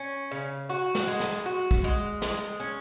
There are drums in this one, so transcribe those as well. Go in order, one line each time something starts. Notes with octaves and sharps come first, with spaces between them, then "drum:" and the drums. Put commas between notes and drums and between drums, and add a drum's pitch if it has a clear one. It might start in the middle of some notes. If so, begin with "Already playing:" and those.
Already playing: C#4
C#3
F#4, drum: hi-hat
drum: snare
G#3
drum: snare
F#4
drum: kick, hi-hat
G#3
G#3, drum: snare
C#4